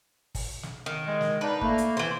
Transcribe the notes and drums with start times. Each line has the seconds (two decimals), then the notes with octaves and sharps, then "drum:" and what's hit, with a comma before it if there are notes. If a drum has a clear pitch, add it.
0.35 drum: kick, open hi-hat
0.63 drum: snare
0.86 D#3
1.06 G#3
1.21 drum: snare
1.41 D4 D#4 B4
1.61 A3 A#3, drum: kick
1.78 drum: hi-hat
1.97 E3 C5